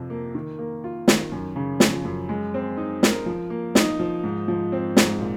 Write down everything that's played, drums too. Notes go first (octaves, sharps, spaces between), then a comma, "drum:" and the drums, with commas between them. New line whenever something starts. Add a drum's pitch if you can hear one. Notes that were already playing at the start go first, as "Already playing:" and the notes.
Already playing: F2 C3 F3
A#3
D#3
A#3
F4
D#3, drum: snare
F#2
C#3
F3, drum: snare
F#2
G#3
C4
D#4
A#4, drum: snare
F3
A#3
D#4, drum: snare
F3
G#2
F3
C4
G#2, drum: snare
A#2